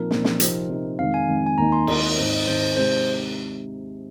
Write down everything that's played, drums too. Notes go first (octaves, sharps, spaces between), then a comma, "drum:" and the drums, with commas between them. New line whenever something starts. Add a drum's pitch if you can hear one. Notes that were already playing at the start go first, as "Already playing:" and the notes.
Already playing: A#2 F3 C4 D#4 A#4
A#2 F3 C4 D#4, drum: snare
drum: snare
C3 F3 C4 D#4, drum: hi-hat
C3 F3 C4 D#4
F2 D#3 G#3 F5
G#5
F2 D#3 G#3
G#5
D#2 D#3 A#3 D#4 A#5
C6
D#2 D#3 A#3 D#4 D#5, drum: cymbal
G#2 D#3 C4 D#4 C5
D#5
D#5
G#2 D#3 C4 D#4 C5
C5
C3 G#3 D#4 C5